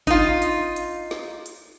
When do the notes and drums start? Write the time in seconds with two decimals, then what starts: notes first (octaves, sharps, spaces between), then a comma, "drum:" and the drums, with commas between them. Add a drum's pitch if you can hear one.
0.07 D#4 F4, drum: kick G1, hi-hat
0.42 drum: hi-hat
0.76 drum: hi-hat
1.11 drum: snare
1.46 drum: hi-hat